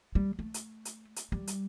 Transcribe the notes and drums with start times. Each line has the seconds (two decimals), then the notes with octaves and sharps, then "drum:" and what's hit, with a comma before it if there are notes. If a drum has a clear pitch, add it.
0.15 G3
0.39 A3
0.54 drum: hi-hat
0.85 drum: hi-hat
1.16 drum: hi-hat
1.32 G3
1.47 drum: hi-hat